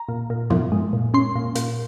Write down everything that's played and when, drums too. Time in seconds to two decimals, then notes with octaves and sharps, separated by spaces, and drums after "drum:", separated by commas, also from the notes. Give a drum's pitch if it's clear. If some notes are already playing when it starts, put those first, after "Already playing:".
Already playing: A#5
0.09 A#2
0.30 A#2
0.50 F3, drum: tom
0.72 G#3
0.93 A#2
1.14 C#4 C6
1.35 A#2
1.55 A#2, drum: hi-hat